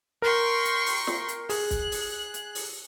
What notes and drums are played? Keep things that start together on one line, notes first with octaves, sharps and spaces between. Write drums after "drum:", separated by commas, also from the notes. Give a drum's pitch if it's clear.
A#4 G5 C6 C#6
drum: hi-hat
drum: open hi-hat
drum: snare
drum: hi-hat
G#4 F#6, drum: open hi-hat
drum: kick, hi-hat
drum: open hi-hat
drum: hi-hat
drum: open hi-hat